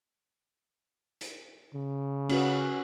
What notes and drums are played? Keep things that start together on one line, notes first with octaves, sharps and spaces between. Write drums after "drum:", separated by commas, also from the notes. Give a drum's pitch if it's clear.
drum: hi-hat
C#3
C#4 F#4 B4, drum: cymbal